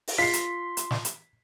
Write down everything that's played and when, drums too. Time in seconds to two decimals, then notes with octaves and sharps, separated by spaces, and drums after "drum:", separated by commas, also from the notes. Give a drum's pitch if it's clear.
0.08 drum: open hi-hat
0.18 F4 C6 B6 C7
0.33 drum: hi-hat
0.77 drum: hi-hat
0.91 drum: snare
1.05 drum: hi-hat